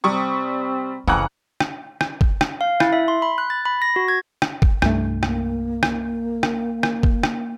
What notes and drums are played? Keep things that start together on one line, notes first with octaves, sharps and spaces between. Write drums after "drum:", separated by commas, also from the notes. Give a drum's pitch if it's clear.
C3 G3 C4 C#6 D#6
F#1 F2 C#3 E3 C#4 F#5 A#5 F#6
drum: rim click
drum: rim click
drum: kick G1
drum: rim click
F5
E4, drum: rim click
E5
C6
B5
F#6
A6
B5
A#6
F#4
G#6
drum: rim click
drum: kick G1
C2 G2 A3, drum: rim click
A#3, drum: rim click
drum: rim click
drum: rim click
drum: rim click
drum: kick G1
drum: rim click